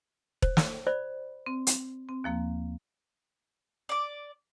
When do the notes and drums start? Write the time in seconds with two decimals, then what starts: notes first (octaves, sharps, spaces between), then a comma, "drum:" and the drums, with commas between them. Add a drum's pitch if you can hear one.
0.42 C5, drum: kick E1
0.57 drum: snare
0.87 C5 D5 B5
1.46 C4
1.67 drum: hi-hat
2.09 C4
2.24 D#2 F3 A#3
3.89 D5 D6